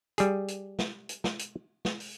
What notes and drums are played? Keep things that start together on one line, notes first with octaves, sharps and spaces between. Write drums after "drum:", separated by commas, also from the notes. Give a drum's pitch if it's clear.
G3 G#4, drum: hi-hat
drum: hi-hat
drum: snare
drum: hi-hat
drum: snare
drum: hi-hat
drum: snare
drum: open hi-hat